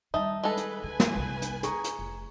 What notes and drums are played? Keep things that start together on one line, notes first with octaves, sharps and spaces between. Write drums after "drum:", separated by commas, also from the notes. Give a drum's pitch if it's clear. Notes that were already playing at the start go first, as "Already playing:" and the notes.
D#3 G3 D#4 E5 A5
G#3 A4 B4
drum: hi-hat
D3 B4 G#5
drum: snare
G1 C2
drum: hi-hat
G#4 A#5 C#6, drum: hi-hat
drum: hi-hat
F1